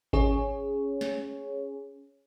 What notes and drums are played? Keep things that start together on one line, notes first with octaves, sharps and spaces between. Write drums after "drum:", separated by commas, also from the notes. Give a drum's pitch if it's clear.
C#4 G#4 C#5, drum: kick G#1
drum: snare